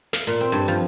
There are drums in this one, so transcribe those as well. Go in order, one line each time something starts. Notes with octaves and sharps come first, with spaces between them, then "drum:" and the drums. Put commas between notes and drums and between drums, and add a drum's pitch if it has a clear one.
F5, drum: snare
A#2
C4
G2
F3